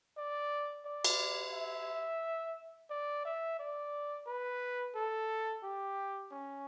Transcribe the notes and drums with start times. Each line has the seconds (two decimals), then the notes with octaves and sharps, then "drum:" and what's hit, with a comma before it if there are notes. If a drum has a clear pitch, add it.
0.17 D5
0.85 D5
1.05 drum: cymbal
1.53 E5
2.90 D5
3.25 E5
3.59 D5
4.26 B4
4.95 A4
5.63 G4
6.32 C#4